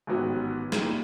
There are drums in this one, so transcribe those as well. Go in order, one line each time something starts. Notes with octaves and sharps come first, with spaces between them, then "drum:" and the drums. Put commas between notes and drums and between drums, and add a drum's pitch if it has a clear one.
A1 G#2 D#3 F#3 B3
A#2 G3 A#3 D#4 G4, drum: snare